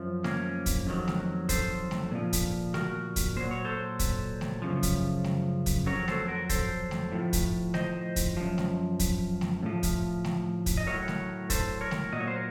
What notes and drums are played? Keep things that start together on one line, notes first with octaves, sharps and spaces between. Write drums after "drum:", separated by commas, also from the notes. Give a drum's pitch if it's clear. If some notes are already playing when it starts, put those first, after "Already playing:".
Already playing: F#2 F3
A#3 C#4, drum: snare A3
drum: kick, hi-hat
F2 D#3 F#3
drum: snare A3
A4 C5, drum: kick, hi-hat
drum: snare A3
A#2 F3
drum: kick, hi-hat
F#4 A#4, drum: snare A3
drum: kick, hi-hat
A#2 F#3 C5
C#5
A4 C5
drum: kick, hi-hat
drum: snare A3
F#2 C#3 F3
drum: kick, hi-hat
drum: snare A3
drum: kick, hi-hat
F2 C#3 F#3 A#4 C#5
A4 C5, drum: snare A3
F#4 A#4
A4 C5, drum: kick, hi-hat
drum: snare A3
A2 F3
drum: kick, hi-hat
C5 D#5, drum: snare A3
drum: kick, hi-hat
F#2 F3
drum: snare A3
drum: kick, hi-hat
drum: snare A3
A2 F3
drum: kick, hi-hat
drum: snare A3
drum: kick, hi-hat
D#5
A2 F#3 A#4 C#5
drum: snare A3
A4 C5, drum: kick, hi-hat
A#4 C#5
drum: snare A3
A#2 F#3 D#5
C#5
C5
A#4